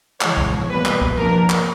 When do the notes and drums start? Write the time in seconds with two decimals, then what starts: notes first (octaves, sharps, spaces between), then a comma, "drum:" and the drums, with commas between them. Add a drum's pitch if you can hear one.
0.21 C#3 E3 G#3 C#5, drum: clap
0.37 drum: kick
0.53 drum: tom
0.69 B2 G3 A#3 B4
0.85 drum: clap
1.02 drum: kick
1.17 C3 F3 A#3 D4 A#4, drum: tom
1.50 drum: clap